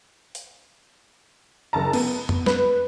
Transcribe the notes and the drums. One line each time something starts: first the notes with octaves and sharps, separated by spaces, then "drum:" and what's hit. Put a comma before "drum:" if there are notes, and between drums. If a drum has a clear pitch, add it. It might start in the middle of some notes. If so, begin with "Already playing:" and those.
drum: open hi-hat
F#1 A5 A#5
B3, drum: cymbal
drum: tom F2
B4, drum: snare